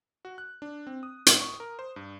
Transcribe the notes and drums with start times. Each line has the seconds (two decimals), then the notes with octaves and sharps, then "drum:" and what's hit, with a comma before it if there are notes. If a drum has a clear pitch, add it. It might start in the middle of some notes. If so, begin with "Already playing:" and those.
0.25 F#4
0.38 F#6
0.62 D4
0.87 C4
1.03 D#6
1.26 A2, drum: hi-hat
1.41 C#6
1.60 A#4
1.79 C5
1.96 G2